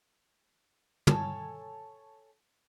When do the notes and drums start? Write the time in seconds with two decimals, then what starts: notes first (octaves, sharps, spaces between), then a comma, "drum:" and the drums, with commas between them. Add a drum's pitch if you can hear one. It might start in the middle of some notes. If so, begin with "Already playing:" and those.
1.07 A4 C#5 G#5 A5, drum: tom